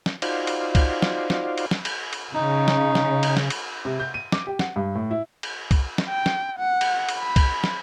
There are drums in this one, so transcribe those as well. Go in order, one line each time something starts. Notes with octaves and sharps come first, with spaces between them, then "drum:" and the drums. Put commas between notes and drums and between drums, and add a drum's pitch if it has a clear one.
drum: snare
D#4 F4 F#4 C5 D5 F5, drum: cymbal
drum: cymbal
drum: kick, cymbal
drum: snare
drum: snare
drum: cymbal
drum: snare
drum: cymbal
drum: cymbal
C#3 D#4
drum: snare
drum: snare
drum: cymbal
drum: snare
drum: cymbal
C3
G6
D#7
D6, drum: snare
G4
F#5, drum: snare
G2
A2
E4
drum: cymbal
drum: kick, cymbal
drum: snare
G5
drum: snare
F#5
drum: cymbal
drum: cymbal
B5
drum: kick, cymbal
drum: snare